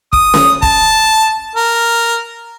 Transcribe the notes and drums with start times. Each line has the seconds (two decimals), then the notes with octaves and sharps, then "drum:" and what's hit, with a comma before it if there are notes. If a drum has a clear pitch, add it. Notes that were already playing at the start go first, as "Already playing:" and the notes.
0.13 D#6, drum: kick
0.34 drum: snare C#4
0.62 A5, drum: kick
1.56 A#4